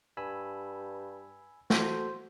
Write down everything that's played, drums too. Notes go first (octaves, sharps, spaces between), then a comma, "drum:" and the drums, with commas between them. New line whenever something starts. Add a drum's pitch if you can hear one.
G2 G#5 B5 E6
F#4 A4 C5, drum: snare